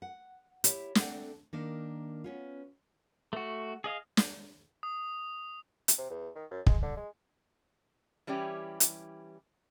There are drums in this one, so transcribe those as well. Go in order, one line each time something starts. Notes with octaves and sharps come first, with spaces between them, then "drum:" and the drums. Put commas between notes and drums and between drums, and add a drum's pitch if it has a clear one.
F#5
E4 G4 C#5, drum: hi-hat
A3 C4 D4 A4 D5 F#5, drum: snare
D#3 A#3 D4
B3 C#4 F4
A3 F#4
G#4 D#5 F5
drum: snare
D#6
drum: hi-hat
C3
E2
D#3
F#2
G#3, drum: kick
D3
G#3
E3 G3 C#4 E4 G4
drum: hi-hat